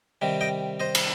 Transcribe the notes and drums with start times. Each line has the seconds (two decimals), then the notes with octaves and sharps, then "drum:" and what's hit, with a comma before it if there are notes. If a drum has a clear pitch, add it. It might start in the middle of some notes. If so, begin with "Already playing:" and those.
0.22 C3 D#3 G3
0.41 D#5 G5
0.80 C5 D#5
0.95 drum: cymbal